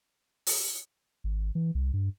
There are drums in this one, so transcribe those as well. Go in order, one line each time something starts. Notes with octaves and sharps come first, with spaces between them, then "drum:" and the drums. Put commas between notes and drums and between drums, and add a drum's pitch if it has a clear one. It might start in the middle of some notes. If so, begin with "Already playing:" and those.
drum: open hi-hat
G#1
E3
C2
G2